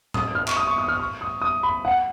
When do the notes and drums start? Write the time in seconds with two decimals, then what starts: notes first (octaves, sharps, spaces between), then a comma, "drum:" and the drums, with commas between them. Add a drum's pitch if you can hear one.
0.14 D#6, drum: tom A2
0.35 F6
0.48 C#6, drum: clap
0.56 D#6
0.67 C#6
0.78 D#6
0.88 F6
1.00 C#6
1.21 D#6
1.41 D#6
1.63 B5
1.85 F#5